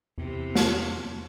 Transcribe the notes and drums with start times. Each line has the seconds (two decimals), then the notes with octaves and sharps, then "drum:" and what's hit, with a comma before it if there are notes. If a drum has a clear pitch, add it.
0.18 E2 C3 E3
0.55 drum: snare